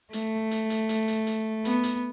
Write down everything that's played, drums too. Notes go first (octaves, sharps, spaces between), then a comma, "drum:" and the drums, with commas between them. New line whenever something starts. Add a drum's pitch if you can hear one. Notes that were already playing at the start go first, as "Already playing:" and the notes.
A3, drum: hi-hat
drum: hi-hat
drum: hi-hat
drum: hi-hat
drum: hi-hat
drum: hi-hat
B3, drum: hi-hat
drum: hi-hat